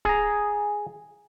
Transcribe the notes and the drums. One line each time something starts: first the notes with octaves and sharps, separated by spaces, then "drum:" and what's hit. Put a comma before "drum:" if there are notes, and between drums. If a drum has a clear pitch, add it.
G#4 A#5, drum: kick D1